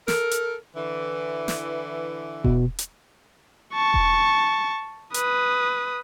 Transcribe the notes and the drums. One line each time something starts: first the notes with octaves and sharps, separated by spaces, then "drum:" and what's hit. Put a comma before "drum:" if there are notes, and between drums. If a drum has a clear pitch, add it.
A4 A#4, drum: snare
drum: hi-hat
D3 E3
drum: snare
B2, drum: kick E1
drum: hi-hat
A5 C#6
drum: kick E1
B4 D#6, drum: hi-hat